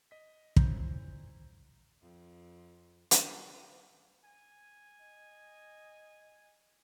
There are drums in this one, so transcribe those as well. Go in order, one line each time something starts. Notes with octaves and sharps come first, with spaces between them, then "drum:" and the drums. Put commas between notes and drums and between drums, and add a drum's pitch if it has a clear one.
D#5 B6
A#2 E4 C5 C#5 A#5 G6, drum: kick
F2
drum: hi-hat
G#5
D#5